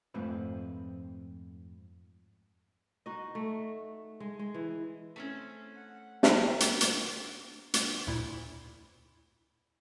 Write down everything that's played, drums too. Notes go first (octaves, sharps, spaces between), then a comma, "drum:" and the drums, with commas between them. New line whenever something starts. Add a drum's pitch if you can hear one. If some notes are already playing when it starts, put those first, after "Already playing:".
F2 G#2 F3 A3 C4 B4
D#4 F#4 D#5
A3
G#3
G#3
E3
A3 C4 C#4
F#5
G4 A#4, drum: snare
drum: hi-hat
drum: hi-hat
drum: hi-hat
D2 A#2 E4